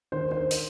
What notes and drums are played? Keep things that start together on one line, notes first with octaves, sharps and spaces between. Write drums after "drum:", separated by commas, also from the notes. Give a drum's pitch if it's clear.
D#3 C5
C5
drum: hi-hat